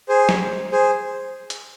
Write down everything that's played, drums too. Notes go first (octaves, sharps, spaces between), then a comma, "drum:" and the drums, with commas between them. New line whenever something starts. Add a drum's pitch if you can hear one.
G#4 C5
drum: snare
G#4 C5
drum: hi-hat